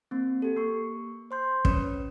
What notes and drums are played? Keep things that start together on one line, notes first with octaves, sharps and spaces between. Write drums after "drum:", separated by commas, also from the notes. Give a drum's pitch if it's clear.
A#3 C4
G4 A4
A#3 C#6
C5 C6 G6
C#4 B4 C#5, drum: kick